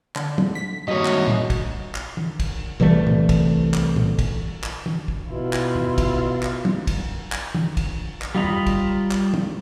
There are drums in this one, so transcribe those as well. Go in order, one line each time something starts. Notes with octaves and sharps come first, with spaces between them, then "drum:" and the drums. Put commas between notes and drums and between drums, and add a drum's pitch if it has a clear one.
D3, drum: clap
drum: tom
B6
G2 D#3 G#3 A#3 F#4 C#5 D#5
drum: clap
drum: tom
drum: kick, cymbal
drum: clap
drum: tom
drum: kick, cymbal
C2 E3 G3 A3
drum: tom
drum: kick, cymbal
drum: clap
drum: tom
drum: kick, cymbal
drum: clap
drum: tom
drum: kick
B2 E4 F4
drum: clap
drum: tom
drum: kick, cymbal
drum: clap
drum: tom
drum: kick, cymbal
drum: clap
drum: tom
drum: kick, cymbal
drum: clap
G3 F4 D#5 A#5 B5
drum: tom
drum: kick, cymbal
drum: clap
drum: tom